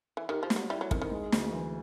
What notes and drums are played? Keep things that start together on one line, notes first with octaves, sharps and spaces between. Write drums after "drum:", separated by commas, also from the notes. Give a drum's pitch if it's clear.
E3
D#3 G4
F3
G3, drum: snare
F#3
G3 E4
F#3
D#3 C4, drum: kick
D#3
G#3
D2, drum: snare
E3